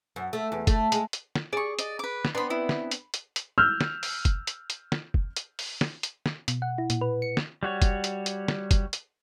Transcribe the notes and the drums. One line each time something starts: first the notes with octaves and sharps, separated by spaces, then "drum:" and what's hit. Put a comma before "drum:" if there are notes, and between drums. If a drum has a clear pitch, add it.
F#2
A3
E2
A3, drum: kick, hi-hat
G#3, drum: hi-hat
drum: hi-hat
drum: snare
G#4 D5 C#6
D5 D#5, drum: hi-hat
B4 D6
drum: snare
B3 C4 D4 B5 C6
E4
drum: snare
drum: hi-hat
drum: hi-hat
drum: hi-hat
E6 F6 G6
drum: snare
drum: open hi-hat
drum: kick, hi-hat
drum: hi-hat
drum: hi-hat
drum: snare
drum: kick
drum: hi-hat
drum: open hi-hat
drum: snare
drum: hi-hat
drum: snare
B2, drum: hi-hat
F#5
E4
A#2, drum: hi-hat
B4
C#7
drum: snare
G3 F#4 C#5
drum: kick, hi-hat
drum: hi-hat
drum: hi-hat
drum: snare
drum: kick, hi-hat
drum: hi-hat